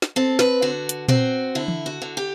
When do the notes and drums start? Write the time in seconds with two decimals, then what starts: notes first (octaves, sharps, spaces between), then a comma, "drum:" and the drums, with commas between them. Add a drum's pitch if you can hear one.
0.02 drum: snare
0.16 C4 A4
0.39 B4, drum: snare
0.62 D3 F#4
0.89 drum: hi-hat
1.08 C4 F#4, drum: tom A#2
1.55 D3 E4
1.68 drum: tom E3
1.86 F#4
2.02 D3
2.17 G4